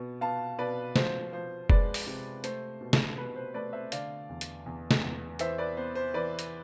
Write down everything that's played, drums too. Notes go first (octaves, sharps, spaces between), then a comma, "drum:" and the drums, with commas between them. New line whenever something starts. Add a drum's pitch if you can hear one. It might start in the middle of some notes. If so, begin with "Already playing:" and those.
Already playing: B2 B3
B3 F5 A5
B2 B4 D5
F3 C5, drum: snare
F3 C5
G#3 B4 D5, drum: kick F1
drum: open hi-hat
C3
A3 C5, drum: hi-hat
B2
drum: snare
B2 B4
C5
A3 B4 D5
C5 E5
D3 D5 F5, drum: hi-hat
E2
drum: hi-hat
E2
drum: snare
E2
E3 C5 E5, drum: hi-hat
B4 D5
B3 C5
C5
E3 B4 D5
drum: hi-hat